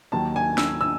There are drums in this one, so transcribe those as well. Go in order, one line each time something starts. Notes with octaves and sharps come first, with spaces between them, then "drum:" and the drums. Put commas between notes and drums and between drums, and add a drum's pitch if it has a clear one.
D#2 D#3 F#3 A5
G#5
E6, drum: snare
E6